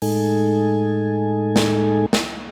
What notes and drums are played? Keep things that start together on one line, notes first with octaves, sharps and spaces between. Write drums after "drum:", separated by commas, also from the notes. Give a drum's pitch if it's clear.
A2 G#3 D#4 A4 G#5, drum: open hi-hat
drum: snare
drum: snare